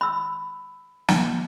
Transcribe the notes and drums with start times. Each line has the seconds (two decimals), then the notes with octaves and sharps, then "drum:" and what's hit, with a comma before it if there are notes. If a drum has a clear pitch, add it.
0.01 B5 E6
1.08 drum: snare